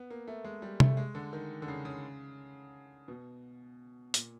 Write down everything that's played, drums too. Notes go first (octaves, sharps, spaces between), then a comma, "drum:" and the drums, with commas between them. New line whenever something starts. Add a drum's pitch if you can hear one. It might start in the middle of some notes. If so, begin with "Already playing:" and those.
Already playing: B3
A#3
A3
G#3
G3
A3, drum: tom C3
G#3
D3
D#3
D3
C#3
C#3
B2
A#2, drum: hi-hat